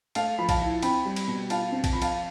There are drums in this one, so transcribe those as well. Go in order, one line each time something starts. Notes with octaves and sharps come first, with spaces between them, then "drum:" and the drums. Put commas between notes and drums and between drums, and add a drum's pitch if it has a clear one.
A3 F5 A5, drum: cymbal
F3 B5
F5 A5, drum: kick, cymbal
E4
C4 G5 B5, drum: cymbal
G3
drum: cymbal
B2
F4 F5 A5, drum: cymbal
C4
A5, drum: kick, cymbal
F3 B5
F5 A5, drum: cymbal